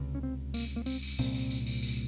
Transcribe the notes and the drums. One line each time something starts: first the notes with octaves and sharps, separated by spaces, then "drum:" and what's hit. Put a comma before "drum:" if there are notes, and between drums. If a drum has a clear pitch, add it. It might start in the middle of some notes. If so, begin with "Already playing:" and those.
Already playing: C#2 C3
C#4
C4
A#3, drum: tambourine
A#3
C4, drum: tambourine
drum: tambourine
C2 A#2 C4, drum: tambourine
drum: tambourine
drum: tambourine
drum: tambourine
drum: tambourine